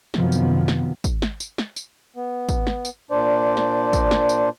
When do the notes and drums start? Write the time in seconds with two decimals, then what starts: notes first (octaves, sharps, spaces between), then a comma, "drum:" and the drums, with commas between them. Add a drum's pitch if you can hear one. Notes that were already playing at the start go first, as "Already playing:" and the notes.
0.14 F#2 C3 D#3 F3 F#3 B3, drum: snare
0.32 drum: tambourine
0.68 drum: snare
1.04 drum: kick, tambourine
1.22 drum: snare
1.40 drum: tambourine
1.58 drum: snare
1.76 drum: tambourine
2.16 B3
2.49 drum: kick, tambourine
2.67 drum: snare
2.85 drum: tambourine
3.11 A#2 D4 C5 D5
3.57 drum: snare
3.93 drum: kick, tambourine
4.11 drum: snare
4.29 drum: tambourine